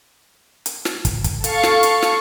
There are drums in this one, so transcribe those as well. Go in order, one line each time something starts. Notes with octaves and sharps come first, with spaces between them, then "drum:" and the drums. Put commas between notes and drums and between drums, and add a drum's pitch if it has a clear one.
drum: hi-hat
drum: snare
drum: kick, hi-hat
drum: kick, hi-hat
A4 F5 C#6, drum: hi-hat
drum: snare
drum: hi-hat
drum: snare